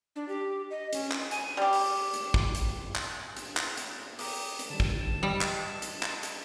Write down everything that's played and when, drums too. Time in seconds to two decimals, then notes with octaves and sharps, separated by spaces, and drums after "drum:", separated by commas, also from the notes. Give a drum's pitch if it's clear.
0.16 D4
0.29 G4
0.70 D#5
0.93 C#4, drum: hi-hat
1.11 drum: clap
1.31 G#5, drum: hi-hat
1.57 G3 G4
1.73 drum: open hi-hat
2.14 drum: hi-hat
2.34 drum: kick
2.55 drum: hi-hat
2.96 drum: clap
3.37 drum: hi-hat
3.57 drum: clap
3.77 drum: hi-hat
4.19 G5 A#5 D6 D#6, drum: open hi-hat
4.59 drum: hi-hat
4.70 D3 G3 A5
4.80 drum: kick
5.23 G3 D5 D#5
5.41 drum: clap
5.82 drum: hi-hat
6.03 drum: clap
6.23 drum: hi-hat